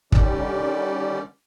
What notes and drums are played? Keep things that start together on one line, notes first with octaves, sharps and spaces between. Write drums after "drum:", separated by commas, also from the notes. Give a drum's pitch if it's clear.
D3 D#3 G3 C#4 G4 D5, drum: kick